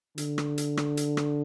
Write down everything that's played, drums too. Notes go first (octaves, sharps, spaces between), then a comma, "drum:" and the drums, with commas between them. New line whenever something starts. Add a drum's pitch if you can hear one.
D3, drum: hi-hat
drum: rim click
drum: hi-hat
drum: rim click
drum: hi-hat
drum: rim click